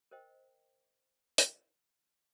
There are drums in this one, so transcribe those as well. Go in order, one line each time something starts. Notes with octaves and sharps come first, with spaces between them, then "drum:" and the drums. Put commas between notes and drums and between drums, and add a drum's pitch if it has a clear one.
A#4 C5 D#5 G5
drum: hi-hat